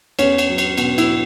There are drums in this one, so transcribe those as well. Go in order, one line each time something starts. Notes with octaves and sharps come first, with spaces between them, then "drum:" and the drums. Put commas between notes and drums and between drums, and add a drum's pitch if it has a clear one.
E2 C#4, drum: cymbal
drum: cymbal
F#3
drum: cymbal
B2, drum: cymbal
E4, drum: cymbal